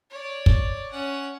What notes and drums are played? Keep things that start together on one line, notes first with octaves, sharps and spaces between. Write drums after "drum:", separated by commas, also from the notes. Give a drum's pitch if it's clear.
C#5 D5
drum: kick
C#4 F#5